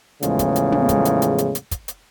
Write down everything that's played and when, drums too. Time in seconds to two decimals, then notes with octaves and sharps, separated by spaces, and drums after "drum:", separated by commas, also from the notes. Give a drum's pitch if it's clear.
0.23 E2 A2 C#3 F3 G#3, drum: hi-hat
0.39 drum: kick, hi-hat
0.56 drum: hi-hat
0.72 drum: tom
0.89 drum: kick, hi-hat
1.05 drum: hi-hat
1.22 drum: hi-hat
1.38 drum: hi-hat
1.55 drum: hi-hat
1.71 drum: kick, hi-hat
1.88 drum: hi-hat